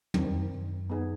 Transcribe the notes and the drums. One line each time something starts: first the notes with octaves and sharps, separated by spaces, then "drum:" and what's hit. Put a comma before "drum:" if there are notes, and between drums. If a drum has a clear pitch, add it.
E2 D#3 G3 C4, drum: tom
F2
F#2
B3 D#4 G#4